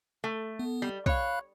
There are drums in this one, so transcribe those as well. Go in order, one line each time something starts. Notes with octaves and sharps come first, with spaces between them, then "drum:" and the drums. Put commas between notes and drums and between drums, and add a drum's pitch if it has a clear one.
A3
B3
G3
C#5 F5 B5 F#6, drum: kick